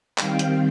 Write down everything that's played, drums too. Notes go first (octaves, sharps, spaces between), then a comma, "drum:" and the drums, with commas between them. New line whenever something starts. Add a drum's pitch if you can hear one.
D#3 G3 C4 F5 G5, drum: clap
drum: hi-hat